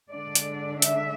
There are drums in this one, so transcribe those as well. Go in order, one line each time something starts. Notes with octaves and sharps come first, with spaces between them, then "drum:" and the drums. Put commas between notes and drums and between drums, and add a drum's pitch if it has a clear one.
D3 G#3 D4 D5
drum: hi-hat
E5, drum: hi-hat